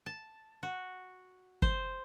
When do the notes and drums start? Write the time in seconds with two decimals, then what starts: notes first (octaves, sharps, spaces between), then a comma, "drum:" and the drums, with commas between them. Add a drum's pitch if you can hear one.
0.06 A5
0.63 F#4
1.62 C5, drum: kick